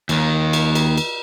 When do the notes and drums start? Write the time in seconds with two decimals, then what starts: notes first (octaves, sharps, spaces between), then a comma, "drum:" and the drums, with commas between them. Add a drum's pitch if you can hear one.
0.09 D#2 D#3, drum: cymbal
0.53 drum: cymbal
0.75 drum: cymbal
0.97 drum: cymbal